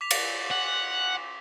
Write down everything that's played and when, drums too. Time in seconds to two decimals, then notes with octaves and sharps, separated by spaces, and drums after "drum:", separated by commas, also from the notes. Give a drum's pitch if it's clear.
0.01 D6 B6 F7
0.11 drum: cymbal
0.51 F#5